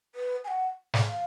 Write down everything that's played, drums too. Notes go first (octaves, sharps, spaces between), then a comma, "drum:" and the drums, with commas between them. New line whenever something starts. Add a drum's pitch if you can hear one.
B4
G#5
F#5
drum: snare
F5